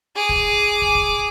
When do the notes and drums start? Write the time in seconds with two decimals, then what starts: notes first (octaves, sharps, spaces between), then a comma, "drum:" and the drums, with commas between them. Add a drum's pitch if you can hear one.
0.16 G#4 D6
0.29 drum: kick
0.82 drum: kick
0.95 drum: kick